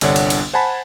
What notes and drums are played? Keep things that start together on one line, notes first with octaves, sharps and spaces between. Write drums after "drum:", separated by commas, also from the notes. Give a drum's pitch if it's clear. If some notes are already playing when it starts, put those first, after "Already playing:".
G1 C2 D3 D4 C#5 F#5, drum: cymbal
drum: cymbal
drum: cymbal
C5 F#5 G#5 A5 B5